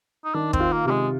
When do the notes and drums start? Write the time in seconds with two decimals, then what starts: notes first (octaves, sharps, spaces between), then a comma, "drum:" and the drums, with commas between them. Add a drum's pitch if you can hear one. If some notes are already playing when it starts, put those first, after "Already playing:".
0.25 D#4
0.34 D#3 D4
0.53 C4, drum: kick
0.60 F4
0.72 A#3
0.85 C3 A#3
0.91 G#3